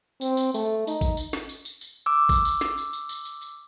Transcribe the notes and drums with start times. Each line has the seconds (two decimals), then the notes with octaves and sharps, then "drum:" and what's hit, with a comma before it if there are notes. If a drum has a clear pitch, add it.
0.21 C4, drum: tambourine
0.37 drum: tambourine
0.54 A3, drum: tambourine
0.87 D#4, drum: tambourine
1.01 drum: kick A1, tambourine
1.17 drum: tambourine
1.33 drum: snare
1.49 drum: tambourine
1.65 drum: tambourine
1.81 drum: tambourine
2.06 D6 E6
2.29 drum: kick A1, tambourine
2.45 drum: tambourine
2.61 drum: snare
2.77 drum: tambourine
2.93 drum: tambourine
3.09 drum: tambourine
3.25 drum: tambourine
3.41 drum: tambourine